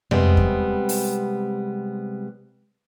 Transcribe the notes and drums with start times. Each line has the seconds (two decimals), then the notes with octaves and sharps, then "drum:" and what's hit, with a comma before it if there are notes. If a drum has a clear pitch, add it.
0.11 C3 G3 G#3 B3 C4, drum: tom F2
0.37 drum: kick E2
0.89 drum: open hi-hat